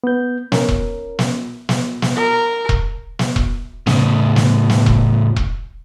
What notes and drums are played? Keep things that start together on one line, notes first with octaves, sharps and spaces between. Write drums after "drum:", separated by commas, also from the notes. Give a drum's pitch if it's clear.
B3 G6
C#4 A#4, drum: snare
drum: kick E1
drum: snare
drum: snare
drum: snare
A#4
drum: kick E1
drum: snare
drum: kick E1
A2 C#3, drum: snare
drum: snare
drum: snare
drum: kick E1
drum: kick E1